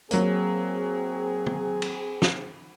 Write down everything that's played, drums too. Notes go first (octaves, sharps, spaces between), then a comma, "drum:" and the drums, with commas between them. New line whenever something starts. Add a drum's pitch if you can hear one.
F#3 A#3 C4 G#4, drum: hi-hat
drum: tom
drum: cymbal
drum: snare